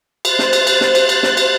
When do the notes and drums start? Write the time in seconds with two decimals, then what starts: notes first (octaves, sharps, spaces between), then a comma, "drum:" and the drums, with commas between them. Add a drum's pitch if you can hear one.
0.25 C5 F#6 A6, drum: cymbal
0.39 drum: snare
0.53 drum: cymbal
0.67 drum: cymbal
0.81 drum: snare
0.95 drum: cymbal
1.09 drum: cymbal
1.23 drum: snare
1.37 drum: cymbal